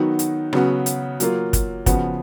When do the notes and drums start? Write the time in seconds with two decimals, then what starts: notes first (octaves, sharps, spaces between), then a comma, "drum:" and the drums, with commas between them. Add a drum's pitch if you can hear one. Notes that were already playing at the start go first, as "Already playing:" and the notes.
Already playing: D#3 F#3 B3 D#4 F#4
0.19 drum: hi-hat
0.53 C#3 F#3 B3 F#4, drum: rim click
0.86 drum: hi-hat
1.20 F#3 A#3 F4, drum: hi-hat
1.53 drum: kick, hi-hat
1.86 C#3 F3 B3 F#4, drum: kick, hi-hat